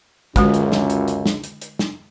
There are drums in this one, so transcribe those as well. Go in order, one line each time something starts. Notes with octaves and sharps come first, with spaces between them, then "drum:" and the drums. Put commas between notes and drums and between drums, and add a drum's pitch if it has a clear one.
C#2 F#2 D3 G#3 F#4, drum: kick, hi-hat
drum: hi-hat
drum: snare
drum: hi-hat
drum: hi-hat
drum: snare
drum: hi-hat
drum: hi-hat
drum: snare